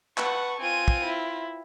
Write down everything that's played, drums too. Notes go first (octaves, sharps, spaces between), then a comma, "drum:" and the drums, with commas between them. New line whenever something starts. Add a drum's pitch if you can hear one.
B4 F#5 A5 C#6, drum: clap
C4 F4 G#5 D#7
drum: kick
E4